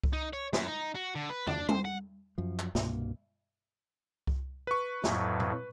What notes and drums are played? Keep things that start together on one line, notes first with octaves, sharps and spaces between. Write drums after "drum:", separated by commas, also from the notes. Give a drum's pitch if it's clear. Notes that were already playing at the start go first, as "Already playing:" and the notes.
drum: kick C2
D#4
C#5
F#2, drum: snare
D#4
F#4
D3
B4
D4, drum: tom
C5, drum: tom G3
F#5
F#2 F3
drum: clap
C2 G2 B2 A#3, drum: snare
drum: kick C2
B4 C#6
F2 A2 F#3, drum: snare
drum: tom A#2